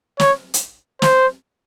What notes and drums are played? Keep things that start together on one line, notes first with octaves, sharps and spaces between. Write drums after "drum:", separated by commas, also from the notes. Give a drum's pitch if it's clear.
C#5, drum: snare
drum: hi-hat
C5, drum: snare